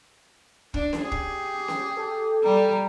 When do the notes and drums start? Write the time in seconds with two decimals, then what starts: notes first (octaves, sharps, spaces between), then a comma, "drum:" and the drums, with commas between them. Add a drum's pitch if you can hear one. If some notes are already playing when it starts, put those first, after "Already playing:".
0.74 D4, drum: kick
0.93 drum: snare C#4
1.02 G4 G#4
1.12 drum: kick
1.68 drum: snare C#4
1.97 A4
2.43 G3 A#5